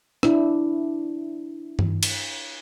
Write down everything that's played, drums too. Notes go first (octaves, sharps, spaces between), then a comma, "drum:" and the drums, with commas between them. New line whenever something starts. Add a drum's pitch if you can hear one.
D4 E4, drum: rim click
drum: tom G2
drum: cymbal